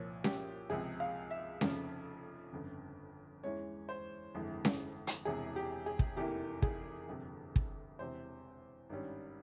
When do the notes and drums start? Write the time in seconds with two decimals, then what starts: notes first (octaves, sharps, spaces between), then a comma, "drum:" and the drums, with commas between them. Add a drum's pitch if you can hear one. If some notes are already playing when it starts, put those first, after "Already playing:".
Already playing: C2 A#2 F3 C#5
0.24 G4, drum: snare C#4
0.70 C#2 C3 F3 G#4
1.00 F5
1.31 E5
1.61 F1 F2 C#3 F3, drum: snare C#4
2.52 G1 F2 C#3
3.44 E2 E3 G#3 C#4 C#5
3.89 C5
4.34 G1 F2 E3 G#3
4.65 drum: snare C#4
5.07 drum: hi-hat
5.25 E1 E2 C3 E3 G#4
5.56 G4
5.86 G#4
5.99 drum: kick
6.17 F1 E2 C3 E3 A#3 G4
6.62 G#4, drum: kick
7.08 G1 F2 C3
7.56 drum: kick
7.99 E1 E2 C3 C5
8.90 G#1 G2 G3 C#4